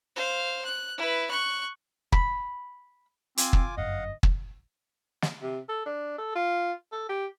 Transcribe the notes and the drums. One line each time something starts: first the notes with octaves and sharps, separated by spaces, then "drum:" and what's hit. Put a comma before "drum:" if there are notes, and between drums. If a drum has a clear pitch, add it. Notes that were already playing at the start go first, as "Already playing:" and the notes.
C5 F5
F#6
E4 B4
C#6 F#6
B5, drum: kick
C4 F4 G#5 D6, drum: hi-hat
drum: kick
G1 F#2 D#5 F5 F#5
drum: kick
drum: snare
C3
A4
D4
A4
F4
A4
G4